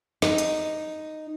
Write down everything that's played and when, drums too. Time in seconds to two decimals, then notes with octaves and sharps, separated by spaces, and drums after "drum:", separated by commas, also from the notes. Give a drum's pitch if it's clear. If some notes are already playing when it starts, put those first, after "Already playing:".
0.22 D#4, drum: snare
0.38 drum: hi-hat